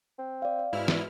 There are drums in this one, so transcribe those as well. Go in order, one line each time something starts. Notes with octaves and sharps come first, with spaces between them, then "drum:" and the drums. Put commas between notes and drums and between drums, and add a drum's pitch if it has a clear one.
C4
D5 F5
D5
G#2 B2 E4 F6
drum: snare